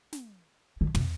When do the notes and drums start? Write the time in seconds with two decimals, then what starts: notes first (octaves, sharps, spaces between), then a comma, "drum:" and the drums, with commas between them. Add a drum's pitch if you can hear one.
0.13 drum: snare
0.81 D3
0.95 C3, drum: tom